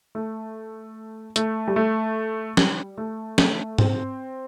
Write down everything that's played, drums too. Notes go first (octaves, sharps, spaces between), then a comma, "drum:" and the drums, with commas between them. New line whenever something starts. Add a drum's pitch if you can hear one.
A3
A3, drum: hi-hat
G3
A3
G3, drum: snare
A3
A3, drum: snare
C4, drum: tom G#2